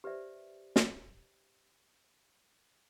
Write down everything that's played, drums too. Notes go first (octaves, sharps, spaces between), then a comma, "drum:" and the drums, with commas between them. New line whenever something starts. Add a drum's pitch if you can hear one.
G4 B4 C5 D5 E5
drum: snare